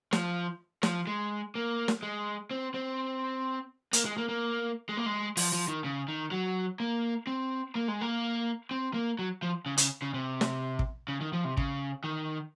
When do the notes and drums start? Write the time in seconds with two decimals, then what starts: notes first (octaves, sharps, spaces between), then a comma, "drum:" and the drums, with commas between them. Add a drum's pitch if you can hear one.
0.13 F3, drum: snare
0.83 F3, drum: snare
1.07 G#3
1.55 A#3
1.88 drum: snare
2.03 G#3
2.51 C4
2.74 C4
3.93 A#3, drum: hi-hat
4.05 G#3
4.18 A#3
4.29 A#3
4.89 G#3
4.97 A#3
5.06 G#3
5.37 F3, drum: open hi-hat
5.53 F3
5.68 D#3
5.84 C#3
6.08 D#3
6.31 F#3
6.80 A#3
7.27 C4
7.75 A#3
7.88 G#3
8.01 A#3
8.71 C4
8.94 A#3
9.19 F#3
9.42 F3
9.66 C#3
9.78 C#3, drum: hi-hat
10.02 C#3
10.14 C3
10.41 drum: snare
10.79 drum: kick
11.08 C#3
11.21 D#3
11.33 F3
11.45 C3
11.57 C#3, drum: kick
12.04 D#3